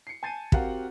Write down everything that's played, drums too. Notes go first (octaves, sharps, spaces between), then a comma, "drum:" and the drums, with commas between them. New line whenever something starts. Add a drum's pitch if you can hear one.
C7 C#7
G#5 A5 G6 A6 C7 D#7
C4 F#4 G4 A#4 F5 F#5, drum: kick